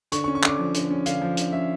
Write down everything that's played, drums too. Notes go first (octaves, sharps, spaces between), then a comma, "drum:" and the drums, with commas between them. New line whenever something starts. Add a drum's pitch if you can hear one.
D3 C#6, drum: hi-hat
C#6
C#4
C#6
D3 D6, drum: clap
F3
D3, drum: hi-hat
C#4
D3 F5, drum: hi-hat
F3
D3, drum: hi-hat
C#4 E5